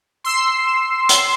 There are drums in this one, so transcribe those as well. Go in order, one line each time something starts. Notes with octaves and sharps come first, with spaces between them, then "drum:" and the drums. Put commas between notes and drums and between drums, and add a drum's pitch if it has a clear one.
C6 E6 C7
drum: hi-hat